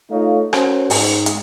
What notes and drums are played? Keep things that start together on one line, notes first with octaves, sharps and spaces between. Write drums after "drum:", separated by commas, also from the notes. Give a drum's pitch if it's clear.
A3 D#4 F4 C#5 F5
C#4 F#4 A#4 C5, drum: rim click
G#2, drum: open hi-hat
drum: hi-hat